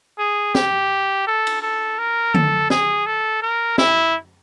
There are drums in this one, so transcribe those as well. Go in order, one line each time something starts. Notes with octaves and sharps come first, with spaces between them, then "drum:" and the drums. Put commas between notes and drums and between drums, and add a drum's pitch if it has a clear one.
G#4
G4, drum: snare
A4
drum: cymbal
A4
A#4
A4, drum: tom D3
G#4, drum: snare
A4
A#4
E4, drum: snare